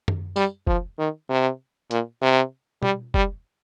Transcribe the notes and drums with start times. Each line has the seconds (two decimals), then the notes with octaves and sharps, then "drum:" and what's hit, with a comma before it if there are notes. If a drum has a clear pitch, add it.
0.08 drum: tom F#2
0.36 G3, drum: tambourine
0.67 F3, drum: kick F1
0.99 D#3
1.29 C3
1.91 A#2, drum: hi-hat
2.22 C3
2.83 G3, drum: tom B2
3.14 G3, drum: kick F1